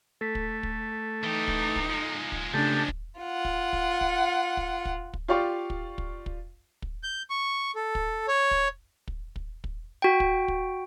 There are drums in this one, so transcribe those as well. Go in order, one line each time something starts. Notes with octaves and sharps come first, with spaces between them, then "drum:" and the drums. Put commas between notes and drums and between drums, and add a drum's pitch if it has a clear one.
A3 A4 B6
drum: kick
drum: kick
E3 D#4 G4
drum: kick
drum: kick
F3 G#3
drum: kick
C#3 A3 C#4 D4 G4 A4
drum: kick
F4 F#5
drum: kick
drum: kick
drum: kick
drum: kick
drum: kick
drum: kick
F4 G4 D5 F5 C#6
drum: kick
drum: kick
drum: kick
drum: kick
G6
C#6
A4
drum: kick
C#5
drum: kick
drum: kick
drum: kick
drum: kick
F#4 G5
drum: kick
drum: kick